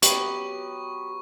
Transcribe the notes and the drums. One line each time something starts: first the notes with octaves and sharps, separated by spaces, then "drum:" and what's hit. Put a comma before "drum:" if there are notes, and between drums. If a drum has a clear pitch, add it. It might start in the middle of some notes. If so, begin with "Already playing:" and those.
F#3 B3 G4 C#6, drum: hi-hat